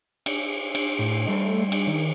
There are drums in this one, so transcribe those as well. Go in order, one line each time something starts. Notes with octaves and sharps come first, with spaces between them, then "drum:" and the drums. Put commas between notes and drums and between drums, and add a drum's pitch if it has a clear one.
drum: cymbal
drum: cymbal
A2
G3 A3 D#5
drum: cymbal
D#3